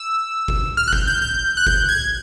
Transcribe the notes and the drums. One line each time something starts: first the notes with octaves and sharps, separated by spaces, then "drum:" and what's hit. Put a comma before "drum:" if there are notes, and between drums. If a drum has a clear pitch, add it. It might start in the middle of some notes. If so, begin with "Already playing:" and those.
Already playing: E6
drum: kick F#1
F6
F#6
G6, drum: kick F#1
G6
G6
F#6
G6, drum: kick F#1
G#6